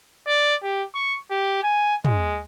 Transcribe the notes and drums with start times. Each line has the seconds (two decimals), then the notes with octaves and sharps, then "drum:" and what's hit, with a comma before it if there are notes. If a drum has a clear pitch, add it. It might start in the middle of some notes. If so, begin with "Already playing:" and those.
0.27 D5
0.63 G4
0.95 C#6
1.30 G4
1.63 G#5
2.05 G#3, drum: tom